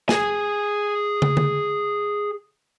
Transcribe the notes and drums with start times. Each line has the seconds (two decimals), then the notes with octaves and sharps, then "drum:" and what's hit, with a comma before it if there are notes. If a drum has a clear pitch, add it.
0.09 G#4 G#5, drum: snare
1.22 drum: tom
1.37 drum: tom D3